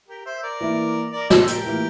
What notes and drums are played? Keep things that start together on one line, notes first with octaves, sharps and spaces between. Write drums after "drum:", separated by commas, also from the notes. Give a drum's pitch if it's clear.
G4 A#4
C5 E5
A#4 D5
E3 A#3 E4
A#4 D5
A4 C5, drum: snare
G4 A#4, drum: hi-hat
A2 E3 A#3 F4